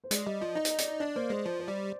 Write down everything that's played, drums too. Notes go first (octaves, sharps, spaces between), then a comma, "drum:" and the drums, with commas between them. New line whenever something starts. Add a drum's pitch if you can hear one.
C5
G#3 D5, drum: hi-hat
G3 D#5
F3 D#5
D#4 D#5
drum: hi-hat
D5, drum: hi-hat
D4 D5
A#3 C5
G#3 C5
F3 C5
C5
G3 D5